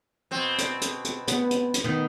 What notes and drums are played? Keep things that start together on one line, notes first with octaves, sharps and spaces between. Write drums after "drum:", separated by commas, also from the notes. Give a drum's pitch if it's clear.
B2 C4
drum: hi-hat
drum: hi-hat
drum: hi-hat
B3, drum: hi-hat
drum: hi-hat
drum: hi-hat
D#3 B3